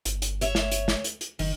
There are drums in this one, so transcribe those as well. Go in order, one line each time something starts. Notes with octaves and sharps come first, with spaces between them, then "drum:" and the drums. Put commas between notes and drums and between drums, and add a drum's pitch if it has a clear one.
G1, drum: hi-hat
drum: hi-hat
C#5 E5, drum: hi-hat
drum: snare
drum: hi-hat
drum: snare
drum: hi-hat
drum: hi-hat
F#1 D#3, drum: open hi-hat